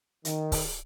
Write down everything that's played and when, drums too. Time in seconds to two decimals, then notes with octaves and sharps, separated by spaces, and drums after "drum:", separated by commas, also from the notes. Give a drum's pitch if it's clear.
0.25 D#3, drum: hi-hat
0.52 drum: kick C#1, open hi-hat